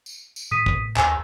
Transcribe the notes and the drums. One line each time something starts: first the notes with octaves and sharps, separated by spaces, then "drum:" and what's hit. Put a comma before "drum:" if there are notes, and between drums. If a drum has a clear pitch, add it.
drum: tambourine
drum: tambourine
A2 D#6 B6 D#7
drum: kick
D#2 G#5 E6, drum: clap